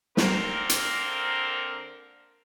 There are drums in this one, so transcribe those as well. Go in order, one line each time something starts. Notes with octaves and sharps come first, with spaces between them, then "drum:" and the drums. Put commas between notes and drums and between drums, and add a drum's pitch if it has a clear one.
D3 A#3 C4 A#4, drum: snare
drum: hi-hat